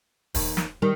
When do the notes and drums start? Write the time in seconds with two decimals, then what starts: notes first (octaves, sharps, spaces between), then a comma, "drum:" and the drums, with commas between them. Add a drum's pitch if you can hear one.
0.35 D#2, drum: kick, open hi-hat
0.57 drum: snare
0.82 D#3 G3